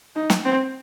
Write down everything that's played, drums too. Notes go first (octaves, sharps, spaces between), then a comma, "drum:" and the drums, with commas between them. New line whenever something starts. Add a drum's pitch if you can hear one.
D#4
drum: snare
C4